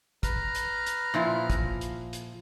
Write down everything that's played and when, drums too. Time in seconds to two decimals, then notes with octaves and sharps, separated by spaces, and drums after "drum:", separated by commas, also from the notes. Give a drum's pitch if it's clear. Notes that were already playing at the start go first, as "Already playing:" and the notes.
0.23 B4 A#5 F6, drum: kick, hi-hat
0.55 drum: hi-hat
0.86 drum: hi-hat
1.14 A#2 F3 E4
1.50 drum: kick, hi-hat
1.81 drum: hi-hat
2.13 drum: hi-hat